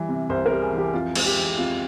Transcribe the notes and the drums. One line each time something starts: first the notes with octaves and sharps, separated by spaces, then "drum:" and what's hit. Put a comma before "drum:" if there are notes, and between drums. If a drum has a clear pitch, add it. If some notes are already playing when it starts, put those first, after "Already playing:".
Already playing: E3 G3
C3
C2 C5
A#4
G3
G#4
E3
G4
F2 F4
G#3, drum: cymbal
G4
E3
F2 F4